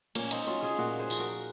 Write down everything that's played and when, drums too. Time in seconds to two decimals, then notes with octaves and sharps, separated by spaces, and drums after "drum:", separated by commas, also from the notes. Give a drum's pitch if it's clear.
0.15 A#2 A#3 C#4, drum: cymbal
0.31 C4 D#4, drum: hi-hat
0.47 F#3 C#4 F4
0.62 F4 G#4
0.78 A#2 F#4 A#4
0.99 G#4 C5
1.10 F3, drum: tambourine
1.19 F#4 A#4